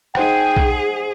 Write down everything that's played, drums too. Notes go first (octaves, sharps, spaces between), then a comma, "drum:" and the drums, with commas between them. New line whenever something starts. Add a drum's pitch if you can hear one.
D#4 G#4 C5 F#5 G5, drum: rim click
drum: kick B1